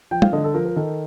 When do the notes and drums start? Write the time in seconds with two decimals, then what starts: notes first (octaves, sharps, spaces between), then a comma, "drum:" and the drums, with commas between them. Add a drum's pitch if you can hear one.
0.11 F3 G5
0.22 F5, drum: tom
0.33 D3 D#5
0.44 A4
0.54 F3 A#4
0.65 A#4
0.76 D#3 A4